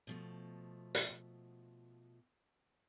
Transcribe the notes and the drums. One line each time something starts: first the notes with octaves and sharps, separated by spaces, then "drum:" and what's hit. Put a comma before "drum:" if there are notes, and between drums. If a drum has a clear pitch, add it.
B2 F3 A3
drum: hi-hat